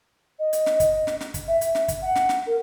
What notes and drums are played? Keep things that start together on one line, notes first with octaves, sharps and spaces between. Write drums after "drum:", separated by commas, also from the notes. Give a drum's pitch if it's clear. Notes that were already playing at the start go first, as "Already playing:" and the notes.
D#5
drum: hi-hat
drum: snare
drum: kick, hi-hat
drum: snare
drum: snare
drum: kick, hi-hat
E5
drum: hi-hat
drum: snare
drum: kick, hi-hat
F#5
drum: snare
drum: snare
A#4